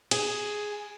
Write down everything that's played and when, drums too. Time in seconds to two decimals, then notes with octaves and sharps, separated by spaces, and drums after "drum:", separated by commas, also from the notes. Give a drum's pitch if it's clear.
0.11 G#4, drum: cymbal